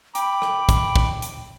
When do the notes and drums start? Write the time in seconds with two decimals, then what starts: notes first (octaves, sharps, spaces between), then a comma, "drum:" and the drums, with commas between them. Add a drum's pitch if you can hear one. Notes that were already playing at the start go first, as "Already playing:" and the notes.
0.15 G5 B5 D6, drum: hi-hat
0.42 drum: rim click
0.69 drum: kick, hi-hat
0.96 drum: kick
1.22 drum: hi-hat